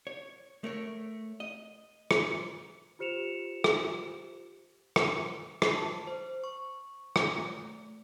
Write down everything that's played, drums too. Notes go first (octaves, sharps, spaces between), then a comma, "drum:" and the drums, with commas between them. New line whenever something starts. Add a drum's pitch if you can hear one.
C#5
A3 A#4 C#5
D#5
drum: rim click
F4 G4 C5 C#7 E7 F7
drum: rim click
drum: rim click
drum: rim click
A5
C5
C#6
drum: rim click
A3